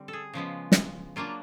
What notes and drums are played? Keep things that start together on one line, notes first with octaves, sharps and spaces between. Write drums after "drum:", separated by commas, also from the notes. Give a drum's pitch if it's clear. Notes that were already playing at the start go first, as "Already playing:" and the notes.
Already playing: D3 G3 C4
A4
G#4
C#3 F3 G#3 B3
drum: snare
F#3 A#3 D4 F4